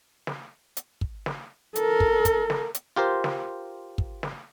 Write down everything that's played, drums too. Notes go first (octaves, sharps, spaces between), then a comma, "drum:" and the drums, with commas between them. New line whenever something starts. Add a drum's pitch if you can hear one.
drum: snare
drum: hi-hat
drum: kick
drum: snare
A4 A#4, drum: hi-hat
drum: kick
drum: kick, hi-hat
drum: snare
drum: hi-hat
F4 G4 A#4 C5
drum: snare
drum: kick
drum: snare